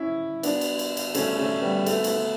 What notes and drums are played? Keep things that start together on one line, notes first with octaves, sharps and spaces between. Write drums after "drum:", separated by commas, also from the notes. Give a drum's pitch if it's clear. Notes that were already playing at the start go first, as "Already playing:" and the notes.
Already playing: C#4 E4
B3 D4, drum: cymbal
drum: cymbal
drum: cymbal
drum: cymbal
A3 C#4, drum: cymbal
A3 C#4
G3 B3
A3, drum: cymbal
B3
A3, drum: cymbal
B3